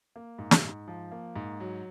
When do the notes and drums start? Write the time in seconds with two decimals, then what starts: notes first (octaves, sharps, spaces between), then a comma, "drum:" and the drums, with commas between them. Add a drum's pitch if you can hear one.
0.16 A#3
0.39 G#2
0.51 drum: snare
0.64 G#2
0.88 F3
1.12 A#3
1.36 G#2
1.60 F#3